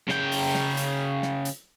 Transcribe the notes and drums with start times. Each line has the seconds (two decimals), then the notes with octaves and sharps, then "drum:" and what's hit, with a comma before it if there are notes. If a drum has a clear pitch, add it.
0.09 C#3 G5, drum: snare
0.32 drum: open hi-hat
0.54 drum: snare
0.77 drum: hi-hat
1.22 drum: snare
1.45 drum: hi-hat